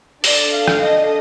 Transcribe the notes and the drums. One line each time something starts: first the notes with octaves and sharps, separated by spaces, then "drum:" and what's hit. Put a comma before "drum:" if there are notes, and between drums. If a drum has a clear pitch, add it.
D4 A4 D5, drum: open hi-hat
F5
drum: rim click
D#5